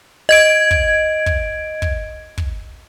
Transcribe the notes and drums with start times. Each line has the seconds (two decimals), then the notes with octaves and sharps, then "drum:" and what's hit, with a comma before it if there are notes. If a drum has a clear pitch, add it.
0.29 D#5 G#6 D7
0.71 drum: kick
1.26 drum: kick
1.82 drum: kick
2.38 drum: kick